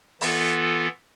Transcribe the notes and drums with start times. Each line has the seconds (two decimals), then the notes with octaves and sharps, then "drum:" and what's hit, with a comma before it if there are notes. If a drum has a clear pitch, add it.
0.21 E3 B3 F4 A4, drum: open hi-hat